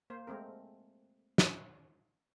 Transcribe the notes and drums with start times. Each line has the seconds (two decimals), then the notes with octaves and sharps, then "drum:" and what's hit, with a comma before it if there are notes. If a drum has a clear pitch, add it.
0.10 A#3 C5
0.27 G#3 A3 C4 A#4
1.38 drum: snare